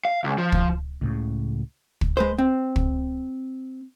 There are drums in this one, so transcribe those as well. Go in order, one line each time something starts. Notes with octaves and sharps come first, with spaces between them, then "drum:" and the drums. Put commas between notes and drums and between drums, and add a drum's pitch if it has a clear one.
F5
C#2
F3
drum: kick
C#2 A2 C#3
drum: kick
G#3 B4 C5
C4
drum: kick